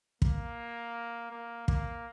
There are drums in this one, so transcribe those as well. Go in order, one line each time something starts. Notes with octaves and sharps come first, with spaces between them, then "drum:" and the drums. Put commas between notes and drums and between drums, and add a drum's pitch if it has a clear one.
A#3, drum: kick
A#3
A#3, drum: kick